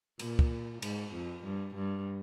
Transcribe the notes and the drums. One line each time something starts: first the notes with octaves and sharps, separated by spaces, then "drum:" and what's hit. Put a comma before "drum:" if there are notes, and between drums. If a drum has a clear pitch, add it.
A#2, drum: cymbal
drum: kick
G#2, drum: cymbal
F2
G2
G2